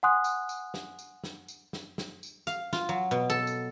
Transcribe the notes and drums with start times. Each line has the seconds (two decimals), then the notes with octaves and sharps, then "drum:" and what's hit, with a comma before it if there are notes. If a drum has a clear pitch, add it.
0.03 F#5 G#5 C6 D#6 F#6
0.24 drum: tambourine
0.49 drum: tambourine
0.74 drum: snare
0.99 drum: tambourine
1.24 drum: snare
1.48 drum: tambourine
1.73 drum: snare
1.98 drum: snare
2.23 drum: tambourine
2.47 F5, drum: tambourine
2.73 F4, drum: snare
2.89 F#3
3.11 B2
3.30 A4
3.47 drum: tambourine